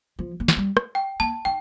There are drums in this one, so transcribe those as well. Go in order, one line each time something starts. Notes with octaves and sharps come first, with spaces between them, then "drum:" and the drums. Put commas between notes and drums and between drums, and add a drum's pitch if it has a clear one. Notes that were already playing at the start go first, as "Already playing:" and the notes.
F3
A#3
A3, drum: snare
G3
drum: rim click
G5
A#3 A5
D#3 G5